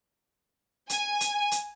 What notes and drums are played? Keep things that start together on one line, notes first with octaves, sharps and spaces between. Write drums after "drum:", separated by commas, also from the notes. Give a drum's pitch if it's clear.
G#5, drum: hi-hat
drum: hi-hat
drum: hi-hat